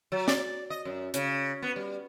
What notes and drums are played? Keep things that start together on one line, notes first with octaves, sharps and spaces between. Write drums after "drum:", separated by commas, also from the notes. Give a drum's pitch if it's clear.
F#3
D5, drum: snare
D#5
F#2
C#3, drum: hi-hat
B3
G3